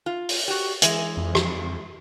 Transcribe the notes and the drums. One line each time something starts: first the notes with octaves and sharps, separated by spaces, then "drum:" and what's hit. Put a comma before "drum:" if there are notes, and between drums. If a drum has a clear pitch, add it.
F4
drum: open hi-hat
F#4 G4
E3 G#3, drum: hi-hat
F2
drum: rim click